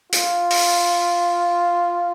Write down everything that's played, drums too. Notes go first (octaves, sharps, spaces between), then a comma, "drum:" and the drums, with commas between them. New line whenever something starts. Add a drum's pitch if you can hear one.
F4, drum: hi-hat
drum: open hi-hat